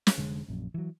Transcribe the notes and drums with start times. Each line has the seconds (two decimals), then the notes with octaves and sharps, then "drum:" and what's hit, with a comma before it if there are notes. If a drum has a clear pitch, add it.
0.07 drum: snare
0.18 F1 D3 G#3
0.48 A#1 F#2
0.74 E3 F#3